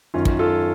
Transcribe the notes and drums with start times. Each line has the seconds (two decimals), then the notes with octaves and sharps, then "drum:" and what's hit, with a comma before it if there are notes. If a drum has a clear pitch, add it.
0.14 F#2 D#3 C#4 F4
0.25 drum: kick
0.39 F4 A4